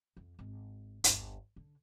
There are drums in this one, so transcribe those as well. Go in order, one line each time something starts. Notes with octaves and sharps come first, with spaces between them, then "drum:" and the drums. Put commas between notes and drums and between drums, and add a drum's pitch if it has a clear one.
F2
G#1
G1 D#2, drum: hi-hat
D3